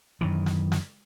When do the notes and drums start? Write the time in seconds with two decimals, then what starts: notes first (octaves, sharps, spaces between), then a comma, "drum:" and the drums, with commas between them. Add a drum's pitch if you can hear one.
0.21 F#2 D#3 E3
0.46 drum: snare
0.72 drum: snare